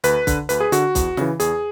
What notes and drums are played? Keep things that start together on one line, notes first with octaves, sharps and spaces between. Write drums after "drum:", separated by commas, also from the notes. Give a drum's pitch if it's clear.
D2 B4, drum: hi-hat
D3, drum: kick B1, hi-hat
D2 B4, drum: hi-hat
G#4
D3 F#4, drum: hi-hat
E2, drum: kick B1, hi-hat
C#3 E3, drum: snare
E2 G#4, drum: hi-hat